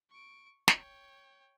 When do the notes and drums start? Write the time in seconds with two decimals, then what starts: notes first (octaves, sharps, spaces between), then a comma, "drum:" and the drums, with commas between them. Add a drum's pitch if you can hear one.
0.10 C#6 D7
0.68 C#5 G5, drum: snare